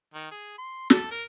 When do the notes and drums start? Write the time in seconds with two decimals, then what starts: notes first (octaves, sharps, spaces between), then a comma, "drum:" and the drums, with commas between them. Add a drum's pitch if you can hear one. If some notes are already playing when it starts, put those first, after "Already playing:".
0.14 D#3
0.32 G#4
0.58 C6
0.90 A4, drum: snare
1.11 A#4